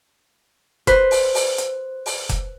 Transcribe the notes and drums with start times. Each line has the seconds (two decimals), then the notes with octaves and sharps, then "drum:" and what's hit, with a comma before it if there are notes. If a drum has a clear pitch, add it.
0.87 B4 C5, drum: kick F1, hi-hat
1.11 drum: open hi-hat
1.35 drum: open hi-hat
1.58 drum: hi-hat
2.06 drum: open hi-hat
2.29 drum: kick F1, hi-hat